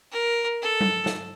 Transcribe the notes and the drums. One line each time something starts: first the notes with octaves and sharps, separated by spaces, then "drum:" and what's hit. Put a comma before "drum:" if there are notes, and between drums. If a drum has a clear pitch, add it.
A#4
A4
drum: tom F#3
drum: snare